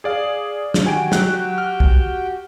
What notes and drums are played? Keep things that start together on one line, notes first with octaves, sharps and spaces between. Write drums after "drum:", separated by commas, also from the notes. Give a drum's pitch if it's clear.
G#4 D5 F5
drum: snare
D#3 F#4 G4 G5 G#5 D7
F#3 F#6, drum: snare
F6
drum: kick B1